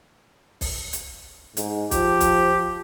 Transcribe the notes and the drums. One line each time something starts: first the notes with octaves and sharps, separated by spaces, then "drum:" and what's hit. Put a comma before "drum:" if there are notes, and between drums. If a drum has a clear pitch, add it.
drum: kick, open hi-hat
drum: hi-hat
G#2, drum: hi-hat
F3 G4, drum: kick, hi-hat
drum: kick, hi-hat